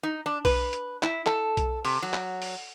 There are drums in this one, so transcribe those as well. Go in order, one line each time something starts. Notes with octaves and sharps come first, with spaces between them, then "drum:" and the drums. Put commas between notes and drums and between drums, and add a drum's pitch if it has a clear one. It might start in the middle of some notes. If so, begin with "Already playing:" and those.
D#4
D4
B4, drum: kick B1, open hi-hat
drum: hi-hat
E4, drum: clap
A4, drum: clap
drum: kick B1, hi-hat
C3, drum: open hi-hat
F#3
drum: clap
drum: open hi-hat